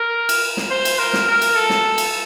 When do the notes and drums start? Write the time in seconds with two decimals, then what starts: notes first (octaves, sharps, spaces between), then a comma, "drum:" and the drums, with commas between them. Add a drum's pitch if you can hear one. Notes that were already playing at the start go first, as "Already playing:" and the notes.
Already playing: A#4
0.29 drum: cymbal
0.57 drum: snare
0.71 C5
0.85 drum: cymbal
0.99 A#4
1.13 drum: snare
1.28 A#4
1.42 drum: cymbal
1.56 A4
1.70 drum: snare
1.98 drum: cymbal